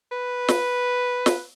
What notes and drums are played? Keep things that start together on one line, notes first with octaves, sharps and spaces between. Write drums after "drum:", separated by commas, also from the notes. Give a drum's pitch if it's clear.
B4
drum: snare
drum: snare